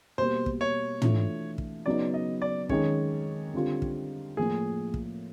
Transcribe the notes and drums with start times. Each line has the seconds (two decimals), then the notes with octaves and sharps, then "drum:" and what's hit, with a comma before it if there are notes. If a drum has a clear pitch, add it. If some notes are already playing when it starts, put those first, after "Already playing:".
0.18 B2 G3 A#3 C5
0.46 drum: kick
0.61 C#5
1.02 E3 A3 D4 F4, drum: tom
1.58 drum: kick
1.86 C#3 F#3 B3 D#4 D5
2.14 D#5
2.42 D5
2.69 D#3 G#3 C#4 C#5, drum: kick
3.54 D3 G3 C4 F4
3.82 drum: kick
4.37 A2 F3 A#3 G#4
4.94 drum: kick